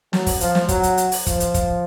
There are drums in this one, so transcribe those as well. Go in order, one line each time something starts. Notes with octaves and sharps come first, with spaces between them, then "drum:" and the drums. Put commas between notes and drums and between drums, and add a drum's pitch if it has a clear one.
F#3, drum: snare
drum: kick, open hi-hat
F3, drum: hi-hat
drum: snare
F#3, drum: kick, hi-hat
drum: hi-hat
drum: hi-hat
drum: open hi-hat
F3, drum: kick, hi-hat
drum: hi-hat
drum: kick, hi-hat